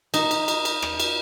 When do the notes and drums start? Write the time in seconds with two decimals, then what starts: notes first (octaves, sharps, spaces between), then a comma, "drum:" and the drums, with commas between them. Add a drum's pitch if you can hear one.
0.14 D#4, drum: cymbal
0.31 drum: cymbal
0.48 drum: cymbal
0.65 drum: cymbal
0.82 drum: rim click
1.00 drum: cymbal